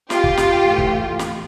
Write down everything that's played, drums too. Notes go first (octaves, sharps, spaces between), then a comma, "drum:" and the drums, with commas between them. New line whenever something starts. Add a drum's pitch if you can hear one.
F4 G4, drum: snare
drum: kick
drum: snare
A2 E3 A3
drum: kick
drum: snare